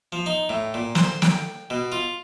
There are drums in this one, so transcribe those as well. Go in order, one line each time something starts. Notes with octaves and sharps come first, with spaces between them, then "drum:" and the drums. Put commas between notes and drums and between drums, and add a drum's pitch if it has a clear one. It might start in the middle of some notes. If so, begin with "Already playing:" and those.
F3
D#4
A2
A#2
C5, drum: snare
G5, drum: snare
B2
F4